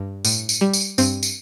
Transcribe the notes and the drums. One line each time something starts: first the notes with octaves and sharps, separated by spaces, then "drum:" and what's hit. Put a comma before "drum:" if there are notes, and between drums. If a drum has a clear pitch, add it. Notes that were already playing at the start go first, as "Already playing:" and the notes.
Already playing: G2
A2, drum: tambourine
drum: tambourine
G3
drum: tambourine
G2 C4, drum: tambourine
drum: tambourine